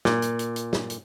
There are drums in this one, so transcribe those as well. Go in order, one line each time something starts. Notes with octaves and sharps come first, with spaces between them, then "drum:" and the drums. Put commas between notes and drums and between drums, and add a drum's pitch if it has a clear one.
A#2, drum: snare
drum: hi-hat
drum: hi-hat
drum: hi-hat
drum: snare
drum: hi-hat